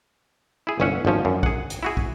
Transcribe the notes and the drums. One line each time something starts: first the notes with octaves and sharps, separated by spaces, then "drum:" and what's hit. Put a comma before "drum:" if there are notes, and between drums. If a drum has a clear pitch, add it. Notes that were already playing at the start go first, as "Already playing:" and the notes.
E4 G#4
G1 C2 C#4 E5 F#5
G#1 D2 F3 C#4
F#2
G#4 F#5, drum: kick
drum: hi-hat
E4 F#4 G#4
drum: kick